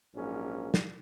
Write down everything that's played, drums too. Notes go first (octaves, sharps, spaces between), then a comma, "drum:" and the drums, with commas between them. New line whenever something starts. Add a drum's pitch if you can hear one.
A#1 G#2 F#3 A#3 C#4
drum: snare